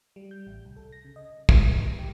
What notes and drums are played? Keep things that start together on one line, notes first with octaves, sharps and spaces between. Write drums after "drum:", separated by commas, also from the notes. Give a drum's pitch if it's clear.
G3
G6
A1
C2
A4
A#6
C#3
D#5
C7, drum: kick
C#2
A#6
G4